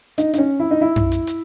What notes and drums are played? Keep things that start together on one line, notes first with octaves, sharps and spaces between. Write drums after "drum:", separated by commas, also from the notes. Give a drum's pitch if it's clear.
D#4, drum: hi-hat
D#4, drum: hi-hat
C#4
E4
D#4
E4
drum: tom F#2
drum: hi-hat
drum: hi-hat